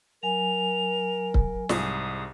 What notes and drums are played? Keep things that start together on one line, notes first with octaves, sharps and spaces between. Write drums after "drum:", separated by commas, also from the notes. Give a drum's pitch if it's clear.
F#3 A#4 G#5 F7
drum: kick C#1
C2 G#2 D#6, drum: snare